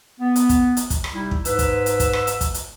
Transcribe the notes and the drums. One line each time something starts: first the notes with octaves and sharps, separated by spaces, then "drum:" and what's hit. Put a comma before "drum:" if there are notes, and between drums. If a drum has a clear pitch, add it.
B3
drum: hi-hat
drum: kick, hi-hat
drum: hi-hat
drum: kick, hi-hat
drum: rim click
C3 G3 D#4 E4
drum: kick
G#2 B4 E6, drum: hi-hat
drum: kick, hi-hat
drum: hi-hat
drum: kick, hi-hat
drum: rim click
drum: hi-hat
drum: kick, hi-hat
drum: hi-hat